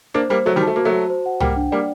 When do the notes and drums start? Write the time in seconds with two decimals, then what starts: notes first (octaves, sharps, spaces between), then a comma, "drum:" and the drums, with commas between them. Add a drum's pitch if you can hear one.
0.14 A#3 D4 C5
0.30 G3 A#3 C5
0.46 F#3 A3 F#4
0.56 D#3 G3
0.62 A3 A5
0.76 A#3 F#4
0.85 F#3 A3
0.93 F#4
1.10 C5
1.26 F#5
1.40 G3 A#3 G5, drum: tom C2
1.56 D4
1.72 G3 A#3 D5